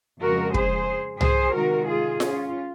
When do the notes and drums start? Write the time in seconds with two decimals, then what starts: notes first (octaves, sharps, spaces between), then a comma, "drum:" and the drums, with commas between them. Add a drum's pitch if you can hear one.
0.21 F2 C#3 G#3 F#4 A#4
0.54 G#4 C5, drum: kick
1.21 G#4 C5, drum: tom C2
1.54 C3 D#3 G#3 F#4 A#4
1.87 F4 G#4
2.20 C#4 F4, drum: snare F4